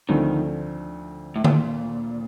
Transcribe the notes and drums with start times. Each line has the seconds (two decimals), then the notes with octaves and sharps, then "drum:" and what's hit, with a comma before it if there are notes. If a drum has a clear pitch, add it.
0.09 D2 D3 D#3 F3 A3 C4
1.36 A2
1.44 A#2, drum: tom D3